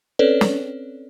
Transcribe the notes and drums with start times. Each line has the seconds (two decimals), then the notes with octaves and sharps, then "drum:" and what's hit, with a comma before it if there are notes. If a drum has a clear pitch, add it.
0.19 C4 C#4 A4 B4 C#5 D5
0.41 drum: snare